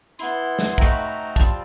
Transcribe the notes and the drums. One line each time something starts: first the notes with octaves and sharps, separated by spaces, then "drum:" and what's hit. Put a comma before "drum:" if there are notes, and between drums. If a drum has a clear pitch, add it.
B3 E4 C6, drum: hi-hat
drum: snare
A3 C4 D#4 F#4 A#5, drum: kick
B5
A#5
G3 C4 F4 A5, drum: kick, hi-hat